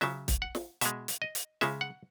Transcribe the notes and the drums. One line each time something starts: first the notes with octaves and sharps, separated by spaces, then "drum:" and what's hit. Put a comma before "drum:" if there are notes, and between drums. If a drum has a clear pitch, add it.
C#3 F#3 E5, drum: snare
drum: kick, hi-hat
F#5
drum: snare
B2 G#3 E5, drum: hi-hat
drum: hi-hat
D#5
drum: hi-hat
C#3 G#3 E5, drum: snare
F#5